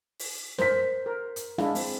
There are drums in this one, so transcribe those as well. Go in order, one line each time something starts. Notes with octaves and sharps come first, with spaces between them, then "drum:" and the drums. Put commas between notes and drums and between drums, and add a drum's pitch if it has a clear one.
drum: open hi-hat
A#4 C5 B6, drum: snare
A#4
drum: hi-hat
G#3 D4 E4 F5, drum: snare
C4, drum: open hi-hat